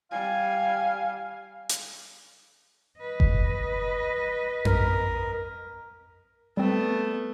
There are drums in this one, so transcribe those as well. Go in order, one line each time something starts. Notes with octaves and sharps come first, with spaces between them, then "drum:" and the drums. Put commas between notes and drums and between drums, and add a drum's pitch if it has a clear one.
G3 F5 G#5
drum: hi-hat
B4 D#5
drum: kick F#1
A#4, drum: tom F2
G3 A3 B3 C4